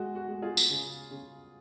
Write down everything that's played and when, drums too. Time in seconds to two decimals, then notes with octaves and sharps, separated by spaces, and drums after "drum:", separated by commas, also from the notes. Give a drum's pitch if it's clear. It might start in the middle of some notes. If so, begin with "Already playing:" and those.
Already playing: G#3 F#4
0.15 F#4
0.28 G#3
0.42 F4 G#4
0.57 drum: tambourine
0.70 C#3
1.11 C#3